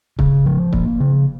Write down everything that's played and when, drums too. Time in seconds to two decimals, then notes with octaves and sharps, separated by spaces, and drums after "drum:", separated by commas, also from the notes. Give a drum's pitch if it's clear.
0.19 C#3, drum: kick
0.46 F3
0.73 A#3, drum: kick
1.00 C#3